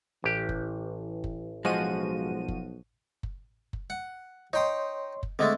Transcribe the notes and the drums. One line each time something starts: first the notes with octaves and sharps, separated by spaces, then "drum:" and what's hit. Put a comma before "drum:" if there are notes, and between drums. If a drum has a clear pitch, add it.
A1 E3 G4
drum: kick F#1
drum: kick F#1
B1 F3 G#3 F#4 D#7
drum: kick F#1
drum: kick F#1
drum: kick F#1
F#5
D#4 C#5 D#5 G5 C6 D#6
drum: kick F#1
D3 G#3 A3 C4 D#5